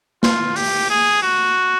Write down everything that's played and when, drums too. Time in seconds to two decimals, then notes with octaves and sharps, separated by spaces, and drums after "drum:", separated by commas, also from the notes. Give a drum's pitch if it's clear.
0.23 F4, drum: snare
0.56 G4, drum: open hi-hat
0.90 G#4
1.22 F#4